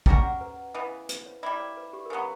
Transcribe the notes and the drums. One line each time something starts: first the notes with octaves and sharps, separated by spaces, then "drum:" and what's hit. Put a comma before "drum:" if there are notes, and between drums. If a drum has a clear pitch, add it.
G3 C#4 F#4 A#4 A#5, drum: kick
F#5
B4
C#3 E3 B3
B4, drum: hi-hat
C#5
G3 A#3 E4 D5
C#5
B4
G4
A#4
C#3 F#3 B3 B4